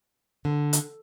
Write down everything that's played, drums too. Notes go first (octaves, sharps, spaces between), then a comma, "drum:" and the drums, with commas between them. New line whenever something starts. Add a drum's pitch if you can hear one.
D3
drum: hi-hat